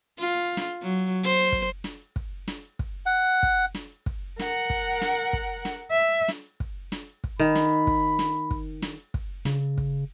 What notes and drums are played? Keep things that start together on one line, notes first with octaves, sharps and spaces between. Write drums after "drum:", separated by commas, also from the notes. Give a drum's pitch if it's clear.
F4
drum: snare
F#3
C5
drum: kick
drum: snare
drum: kick
drum: snare
drum: kick
F#5
drum: kick
drum: snare
drum: kick
A#4 F#5, drum: snare
drum: kick
drum: snare
drum: kick
drum: snare
E5
drum: snare
drum: kick
drum: snare
drum: kick
D#3 B5
drum: snare
drum: kick
drum: snare
drum: kick
drum: snare
drum: kick
C#3, drum: snare
drum: kick